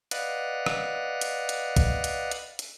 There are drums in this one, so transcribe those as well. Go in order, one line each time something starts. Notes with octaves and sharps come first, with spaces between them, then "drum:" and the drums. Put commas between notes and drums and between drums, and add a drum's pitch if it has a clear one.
B4 D5 D#5 F5 F#5 F#6, drum: hi-hat
drum: rim click
drum: hi-hat
drum: hi-hat
drum: kick, hi-hat
drum: hi-hat
drum: hi-hat
drum: hi-hat